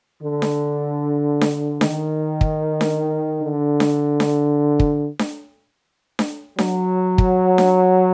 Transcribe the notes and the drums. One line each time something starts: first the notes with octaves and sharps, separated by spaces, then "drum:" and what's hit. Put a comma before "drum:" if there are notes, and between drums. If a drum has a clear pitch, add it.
D3
drum: snare D4
drum: snare D4
D#3, drum: snare D4
drum: kick
drum: snare D4
D3
drum: snare D4
drum: snare D4
drum: kick
drum: snare D4
drum: snare D4
F#3, drum: snare D4
drum: kick
drum: snare D4